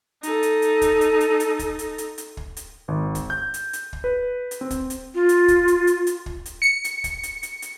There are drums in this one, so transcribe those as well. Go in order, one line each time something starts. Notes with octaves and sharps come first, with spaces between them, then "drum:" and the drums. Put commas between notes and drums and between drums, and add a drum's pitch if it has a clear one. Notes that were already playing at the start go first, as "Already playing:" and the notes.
D#4 A4, drum: hi-hat
drum: hi-hat
drum: hi-hat
drum: kick, hi-hat
drum: hi-hat
drum: hi-hat
drum: hi-hat
drum: kick, hi-hat
drum: hi-hat
drum: hi-hat
drum: hi-hat
drum: kick
drum: hi-hat
G#1
drum: kick, hi-hat
G6
drum: hi-hat
drum: hi-hat
drum: kick
B4
drum: hi-hat
C4
drum: kick, hi-hat
drum: hi-hat
F4
drum: hi-hat
drum: kick, hi-hat
drum: hi-hat
drum: hi-hat
drum: hi-hat
drum: kick
drum: hi-hat
C#7
drum: hi-hat
drum: kick, hi-hat
drum: hi-hat
drum: hi-hat
drum: hi-hat